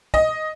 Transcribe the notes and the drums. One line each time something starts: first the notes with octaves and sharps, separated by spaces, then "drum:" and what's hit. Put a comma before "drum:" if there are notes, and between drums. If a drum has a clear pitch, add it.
D#5, drum: kick